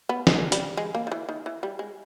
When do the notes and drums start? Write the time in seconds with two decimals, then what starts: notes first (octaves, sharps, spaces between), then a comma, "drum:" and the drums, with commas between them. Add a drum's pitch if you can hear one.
0.09 B3
0.27 G#3, drum: snare
0.52 G3, drum: hi-hat
0.77 G#3
0.95 A#3
1.07 D#3
1.12 E3
1.29 D#3
1.46 E3
1.63 G3
1.79 G#3